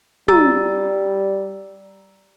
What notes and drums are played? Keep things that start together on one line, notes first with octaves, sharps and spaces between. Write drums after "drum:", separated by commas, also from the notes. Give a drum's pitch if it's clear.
G3 A#5 E6 A6, drum: tom